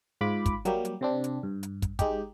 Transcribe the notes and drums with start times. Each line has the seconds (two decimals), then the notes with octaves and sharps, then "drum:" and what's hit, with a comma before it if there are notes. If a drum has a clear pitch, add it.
0.21 G#2 F4 B5 D6
0.46 drum: kick, hi-hat
0.65 F#3 G3 A#3 G4, drum: hi-hat
0.85 drum: hi-hat
1.01 C3 C4 D4
1.24 drum: hi-hat
1.43 G2
1.63 drum: hi-hat
1.82 drum: kick, hi-hat
1.99 G#3 D#4 G4, drum: kick, hi-hat